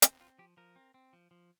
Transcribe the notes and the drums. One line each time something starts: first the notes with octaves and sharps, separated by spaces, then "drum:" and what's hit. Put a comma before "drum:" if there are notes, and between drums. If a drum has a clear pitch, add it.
C4 F4, drum: hi-hat
C4 F4
F3 G4
F3 A#4
C4
C4
F3
F3